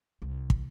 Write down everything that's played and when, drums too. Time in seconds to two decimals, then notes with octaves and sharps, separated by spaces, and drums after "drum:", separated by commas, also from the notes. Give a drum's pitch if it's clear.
0.22 C2
0.50 drum: kick